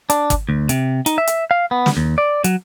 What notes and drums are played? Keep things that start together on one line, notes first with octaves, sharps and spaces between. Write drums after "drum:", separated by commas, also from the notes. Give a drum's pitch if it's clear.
D4, drum: hi-hat
drum: kick, hi-hat
D2
C3, drum: hi-hat
D#4, drum: hi-hat
E5
drum: hi-hat
F5
B3
drum: snare
D#2
D5
F#3, drum: hi-hat